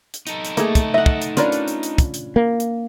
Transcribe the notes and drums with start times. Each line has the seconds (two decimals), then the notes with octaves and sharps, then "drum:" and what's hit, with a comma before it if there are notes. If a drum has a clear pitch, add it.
0.14 drum: hi-hat
0.27 D#4 A4, drum: hi-hat
0.45 drum: hi-hat
0.57 A3 A#3 G#4, drum: hi-hat
0.75 drum: kick, hi-hat
0.94 D#5 E5 F#5
1.06 drum: kick
1.21 drum: hi-hat
1.37 C#4 D4 F4 A#4 B4 D5, drum: hi-hat
1.52 drum: hi-hat
1.68 drum: hi-hat
1.83 drum: hi-hat
1.98 drum: kick, hi-hat
2.14 drum: hi-hat
2.36 A#3
2.60 drum: hi-hat